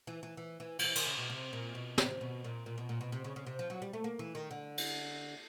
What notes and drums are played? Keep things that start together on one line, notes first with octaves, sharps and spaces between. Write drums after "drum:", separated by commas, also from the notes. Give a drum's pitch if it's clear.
E3
E3
E3
E3
F3, drum: cymbal
E3
D#3, drum: cymbal
C#3
B2
C3
A#2
B2
C3, drum: snare
B2
A#2
A#2
B2
A#2
B2
C3
C#3
C#3
C3
F3
F#3
G3
A3
A#3
E3
D#3
D3
drum: cymbal